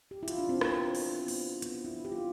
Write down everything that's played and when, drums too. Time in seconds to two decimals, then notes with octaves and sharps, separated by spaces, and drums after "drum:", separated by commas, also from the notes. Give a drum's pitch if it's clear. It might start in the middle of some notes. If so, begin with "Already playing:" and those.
0.11 G4
0.23 E4
0.28 F4, drum: hi-hat
0.38 D4
0.49 C4
0.61 B3, drum: rim click
0.95 drum: open hi-hat
1.28 B3, drum: open hi-hat
1.62 B3, drum: hi-hat
1.85 E4
2.05 G4
2.12 F4